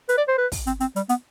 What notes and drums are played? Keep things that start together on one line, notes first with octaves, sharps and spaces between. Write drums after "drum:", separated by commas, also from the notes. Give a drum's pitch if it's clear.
B4, drum: hi-hat
D5
C5
B4
drum: kick, open hi-hat
C4, drum: hi-hat
C4, drum: hi-hat
G3, drum: hi-hat
B3, drum: hi-hat